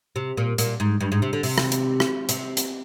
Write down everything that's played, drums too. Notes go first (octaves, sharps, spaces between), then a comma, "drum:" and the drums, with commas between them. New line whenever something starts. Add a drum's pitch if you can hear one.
C3
A#2
A#2, drum: hi-hat
G#2
G2
G#2
C3
D3
C3, drum: open hi-hat
drum: rim click
drum: hi-hat
drum: rim click
C3, drum: hi-hat
drum: hi-hat